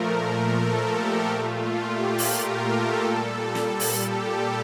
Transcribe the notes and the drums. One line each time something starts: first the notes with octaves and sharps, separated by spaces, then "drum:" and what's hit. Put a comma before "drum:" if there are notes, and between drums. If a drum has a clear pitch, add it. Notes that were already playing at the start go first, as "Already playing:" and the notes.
Already playing: A#2 F3 A3 A#4
A4
G4
A#2 A3 F4
G4
A#4, drum: open hi-hat
A4
A#2 G3
drum: snare
drum: open hi-hat
G4